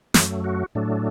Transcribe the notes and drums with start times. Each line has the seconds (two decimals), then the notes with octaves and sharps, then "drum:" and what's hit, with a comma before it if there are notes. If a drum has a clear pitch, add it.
0.14 F#2 F#3 A3, drum: snare
0.44 F#4
0.75 A2 F#3 A3 D4